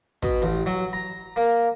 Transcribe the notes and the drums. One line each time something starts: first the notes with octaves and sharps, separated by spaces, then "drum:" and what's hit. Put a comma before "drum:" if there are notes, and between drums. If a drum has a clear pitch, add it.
B2, drum: kick, hi-hat
A1
F#3, drum: hi-hat
A#5
A#3